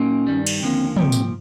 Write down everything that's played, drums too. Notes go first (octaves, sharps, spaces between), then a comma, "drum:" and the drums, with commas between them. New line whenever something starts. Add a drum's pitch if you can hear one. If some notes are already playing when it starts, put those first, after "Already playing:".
Already playing: A#2 F#3 A#3 C#4 D#4
G2 D#3 G3
drum: cymbal
D#2 D3 F3 A#3 C4 C#4
C2 A#2 F3 C4, drum: tom
drum: tambourine